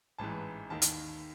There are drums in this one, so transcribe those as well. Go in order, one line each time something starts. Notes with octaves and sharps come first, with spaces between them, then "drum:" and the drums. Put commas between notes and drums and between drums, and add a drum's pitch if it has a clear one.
A1 G#2 E3 A5
D#2 D#3 A5
drum: hi-hat